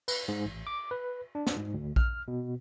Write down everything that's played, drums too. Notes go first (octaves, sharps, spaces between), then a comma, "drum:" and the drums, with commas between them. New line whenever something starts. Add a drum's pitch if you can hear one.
B4, drum: cymbal
G#2
A1
D6
B4
D4
drum: snare
G#2
D2
F6, drum: kick A#1
B2